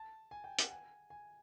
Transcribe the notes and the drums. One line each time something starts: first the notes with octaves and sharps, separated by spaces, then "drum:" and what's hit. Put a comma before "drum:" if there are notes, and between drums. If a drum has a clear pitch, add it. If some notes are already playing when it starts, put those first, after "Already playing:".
Already playing: A5
G#5
G5
F#5, drum: hi-hat
G#5
G#5